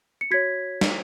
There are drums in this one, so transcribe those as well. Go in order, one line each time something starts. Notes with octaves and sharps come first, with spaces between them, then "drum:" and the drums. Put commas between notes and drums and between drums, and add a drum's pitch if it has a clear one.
C#7
F#4 C#5 G#6 B6
drum: snare